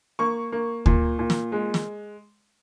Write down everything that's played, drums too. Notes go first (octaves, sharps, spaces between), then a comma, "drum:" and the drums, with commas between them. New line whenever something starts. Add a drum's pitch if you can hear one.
A#3 C#6
A#3
A#2, drum: kick D2
A#2
drum: snare
G#3
drum: snare